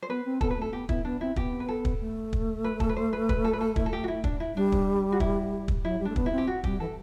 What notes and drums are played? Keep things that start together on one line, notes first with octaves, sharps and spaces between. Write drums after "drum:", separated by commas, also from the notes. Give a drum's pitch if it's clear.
C5
B3 B4
C4
B3 A4, drum: kick
B4
A3 A4
B3 G4
B3 E4, drum: kick
B3 D4
C4 E4
B3 G4, drum: kick
B4
A4
drum: kick
A3
drum: kick
B4
A4, drum: kick
B4
C5
B4
B4, drum: kick
A4
B4
A4
E4, drum: kick
A4
G4
F#4
E4
D4, drum: kick
E4
G3 D4
drum: kick
F#4
E4, drum: kick
drum: kick
F#3 E4
G3
A3 D4
B3, drum: kick
E4
C4
G4
F#4
G3 G4, drum: kick
E3 A4